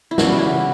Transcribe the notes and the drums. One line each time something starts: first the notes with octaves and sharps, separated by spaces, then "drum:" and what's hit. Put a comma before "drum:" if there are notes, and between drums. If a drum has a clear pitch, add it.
E4
C#3 E3 G3 B3 F#4, drum: snare
E4